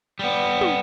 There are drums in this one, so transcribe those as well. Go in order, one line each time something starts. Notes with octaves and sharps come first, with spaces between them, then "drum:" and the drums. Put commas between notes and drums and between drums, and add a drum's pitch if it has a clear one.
G3 B3
drum: tom